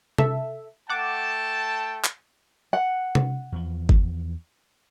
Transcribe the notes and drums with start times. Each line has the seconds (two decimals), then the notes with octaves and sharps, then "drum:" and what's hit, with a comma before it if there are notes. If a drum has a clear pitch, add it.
0.18 A4 E5, drum: tom C3
0.90 A3 F#5 G5 A5 D6
2.04 drum: clap
2.73 F#5
3.15 drum: tom C3
3.52 E2 F3
3.89 drum: kick G1